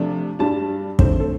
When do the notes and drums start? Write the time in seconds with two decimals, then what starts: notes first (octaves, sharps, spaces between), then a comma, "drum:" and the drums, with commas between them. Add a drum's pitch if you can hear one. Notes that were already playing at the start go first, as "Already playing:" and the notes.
Already playing: C3 F3 A3 D4
0.39 G2 G3 D4 A5
0.99 D3 A3 C4 C5, drum: kick
1.20 A4